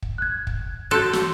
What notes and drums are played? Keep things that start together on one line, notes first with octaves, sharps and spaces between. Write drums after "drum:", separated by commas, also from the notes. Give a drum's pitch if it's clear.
drum: kick
F#6 G#6
drum: kick
F4 F#4 A4 C6 F#6 G6
drum: snare